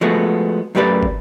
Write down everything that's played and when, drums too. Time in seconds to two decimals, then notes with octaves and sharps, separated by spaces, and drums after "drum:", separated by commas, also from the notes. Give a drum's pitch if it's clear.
0.01 F3 G#3 A3 B3 F#4
0.75 F#2 A3 G4 B4 D5
1.03 drum: kick